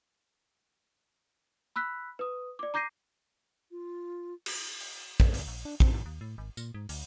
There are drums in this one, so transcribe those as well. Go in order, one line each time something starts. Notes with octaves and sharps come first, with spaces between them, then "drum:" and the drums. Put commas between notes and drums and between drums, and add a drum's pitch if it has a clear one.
B5 E6 F#6 B6
B4 D#6
D5 D6
A#5 D6 G6 A#6 C7 D#7
F4
drum: cymbal
drum: open hi-hat
E2, drum: kick
D2, drum: open hi-hat
A#1
D4
C4, drum: kick
A#1
D#2
A2
G#1
A#2, drum: tambourine
G#2
D2, drum: open hi-hat